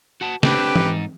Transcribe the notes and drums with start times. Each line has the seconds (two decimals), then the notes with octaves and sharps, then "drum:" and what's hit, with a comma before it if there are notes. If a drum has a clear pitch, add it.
0.21 F#4 F#5 A5
0.43 D3 C4 D4 G4 B4, drum: snare
0.76 G#2 D#4, drum: tom E3